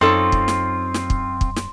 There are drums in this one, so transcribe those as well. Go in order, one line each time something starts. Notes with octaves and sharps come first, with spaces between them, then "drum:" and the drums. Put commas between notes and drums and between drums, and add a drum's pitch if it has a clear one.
F#2 C4 D#4 F4 A4 C#5 C6
drum: kick
drum: snare
drum: snare
drum: kick
drum: kick
drum: snare